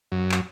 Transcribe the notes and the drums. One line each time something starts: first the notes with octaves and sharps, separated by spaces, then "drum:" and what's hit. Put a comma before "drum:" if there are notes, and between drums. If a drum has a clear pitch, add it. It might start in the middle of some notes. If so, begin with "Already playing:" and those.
F#2
drum: clap